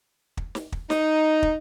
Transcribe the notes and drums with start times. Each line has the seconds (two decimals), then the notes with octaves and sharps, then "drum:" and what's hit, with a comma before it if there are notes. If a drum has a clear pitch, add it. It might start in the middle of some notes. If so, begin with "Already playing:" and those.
0.37 drum: kick
0.55 drum: snare
0.72 drum: kick
0.90 D#4, drum: snare
1.43 drum: kick